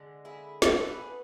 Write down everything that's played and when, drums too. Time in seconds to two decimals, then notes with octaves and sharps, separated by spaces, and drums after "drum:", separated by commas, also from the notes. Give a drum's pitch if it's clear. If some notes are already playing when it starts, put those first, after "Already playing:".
Already playing: D3 G#3
0.25 E4 G#4
0.62 B2 A3 F#4 A4, drum: snare
0.88 G#4 B4